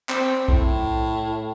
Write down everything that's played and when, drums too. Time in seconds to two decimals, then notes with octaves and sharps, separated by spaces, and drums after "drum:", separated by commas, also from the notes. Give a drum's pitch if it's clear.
0.09 C4, drum: clap
0.48 A2, drum: kick B1